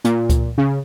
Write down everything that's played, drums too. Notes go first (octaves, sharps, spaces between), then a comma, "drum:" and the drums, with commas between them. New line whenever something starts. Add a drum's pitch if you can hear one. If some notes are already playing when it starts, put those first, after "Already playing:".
A#2, drum: hi-hat
drum: kick C#2, hi-hat
C#3